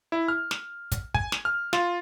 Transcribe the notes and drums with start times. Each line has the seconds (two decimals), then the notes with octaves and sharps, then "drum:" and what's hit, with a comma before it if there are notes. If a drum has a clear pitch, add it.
0.12 E4
0.28 F6
0.51 drum: snare
0.92 drum: kick, hi-hat
1.15 G#5, drum: kick
1.32 drum: snare
1.45 F6
1.73 F4, drum: snare